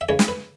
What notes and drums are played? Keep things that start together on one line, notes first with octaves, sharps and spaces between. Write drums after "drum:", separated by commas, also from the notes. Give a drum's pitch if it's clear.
E5
C#3 E3 G#3 C#5
drum: snare
B4